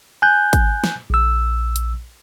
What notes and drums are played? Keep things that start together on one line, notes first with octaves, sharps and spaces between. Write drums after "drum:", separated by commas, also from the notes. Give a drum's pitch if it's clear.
G#5 F#6 G6
drum: kick G#1, hi-hat
drum: snare
A#1 E6
drum: hi-hat